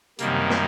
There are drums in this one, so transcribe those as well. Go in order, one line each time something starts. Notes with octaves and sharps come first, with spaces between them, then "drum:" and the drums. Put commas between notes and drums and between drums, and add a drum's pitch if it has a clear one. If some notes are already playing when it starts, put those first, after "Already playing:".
F#2 C3 D#3 G3 A#3, drum: hi-hat
drum: snare